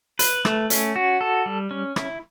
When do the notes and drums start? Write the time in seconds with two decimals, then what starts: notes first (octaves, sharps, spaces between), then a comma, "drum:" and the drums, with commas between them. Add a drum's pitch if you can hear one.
0.19 B4, drum: hi-hat
0.45 A3, drum: rim click
0.70 C#4, drum: hi-hat
0.96 F#4
1.21 A4
1.46 G3
1.71 C#4
1.96 E4, drum: rim click